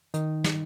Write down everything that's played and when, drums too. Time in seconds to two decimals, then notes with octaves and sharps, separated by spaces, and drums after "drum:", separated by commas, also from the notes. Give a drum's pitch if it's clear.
0.14 D#3 D#4, drum: hi-hat
0.44 drum: snare